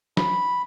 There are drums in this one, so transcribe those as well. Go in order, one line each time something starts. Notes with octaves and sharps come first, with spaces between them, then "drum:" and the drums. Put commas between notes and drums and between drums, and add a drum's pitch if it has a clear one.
B5, drum: snare